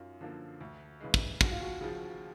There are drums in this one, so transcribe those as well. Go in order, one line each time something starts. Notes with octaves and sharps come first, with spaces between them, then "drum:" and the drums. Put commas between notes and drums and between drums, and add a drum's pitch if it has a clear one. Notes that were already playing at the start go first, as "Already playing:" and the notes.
Already playing: F#2 D#4 F4
D3 F3 A#3
D2
C#3 E3 G#3
drum: kick
D#2 F#4, drum: kick
F4
F#4
C#3 F3 G#4